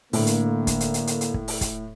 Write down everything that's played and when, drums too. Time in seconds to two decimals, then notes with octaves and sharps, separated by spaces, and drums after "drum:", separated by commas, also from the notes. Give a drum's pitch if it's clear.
0.13 A2 D3 A#3, drum: open hi-hat
0.27 drum: hi-hat
0.67 drum: kick, hi-hat
0.80 drum: hi-hat
0.94 drum: hi-hat
1.07 drum: hi-hat
1.21 drum: hi-hat
1.34 drum: kick
1.48 drum: open hi-hat
1.61 drum: kick, hi-hat